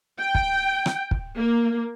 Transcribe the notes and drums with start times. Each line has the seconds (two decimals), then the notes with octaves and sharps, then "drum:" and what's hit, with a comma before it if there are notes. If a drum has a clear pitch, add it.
0.21 G5
0.35 drum: kick
0.86 drum: rim click
1.11 drum: kick
1.37 A#3